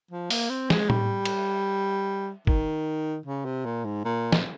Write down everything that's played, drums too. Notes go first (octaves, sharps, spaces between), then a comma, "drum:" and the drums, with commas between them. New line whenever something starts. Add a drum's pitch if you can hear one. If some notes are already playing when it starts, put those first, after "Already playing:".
F3
A#3, drum: open hi-hat
C4
G#3, drum: snare
G3, drum: tom A2
drum: cymbal
D#3, drum: kick
C#3
C3
A#2
G#2
A#2
drum: snare